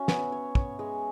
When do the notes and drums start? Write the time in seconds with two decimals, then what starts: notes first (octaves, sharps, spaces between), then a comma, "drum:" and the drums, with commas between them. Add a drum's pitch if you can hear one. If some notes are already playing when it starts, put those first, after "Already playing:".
Already playing: C#4 F#4 E5
0.08 B3, drum: snare
0.32 C#5
0.55 C#5, drum: kick
0.79 G#3